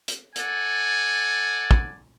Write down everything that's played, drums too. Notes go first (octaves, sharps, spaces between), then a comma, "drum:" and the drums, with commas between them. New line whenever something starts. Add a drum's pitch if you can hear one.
drum: hi-hat
A4 D5 F#5 G#5, drum: hi-hat
drum: kick